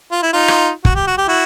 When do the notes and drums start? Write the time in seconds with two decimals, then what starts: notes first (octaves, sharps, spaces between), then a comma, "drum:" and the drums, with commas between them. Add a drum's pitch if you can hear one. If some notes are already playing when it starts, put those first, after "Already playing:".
0.12 F4
0.23 E4
0.33 D#4 F4
0.48 drum: rim click
0.85 F#4, drum: kick
0.95 G4
1.07 F#4
1.18 G4
1.28 E4 F#4